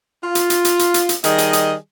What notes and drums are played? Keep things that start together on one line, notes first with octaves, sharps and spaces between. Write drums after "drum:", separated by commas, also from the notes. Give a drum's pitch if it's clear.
F4
drum: hi-hat
drum: hi-hat
drum: hi-hat
drum: hi-hat
drum: hi-hat
drum: hi-hat
D#3 G3 G#4 D#5, drum: hi-hat
drum: hi-hat
drum: hi-hat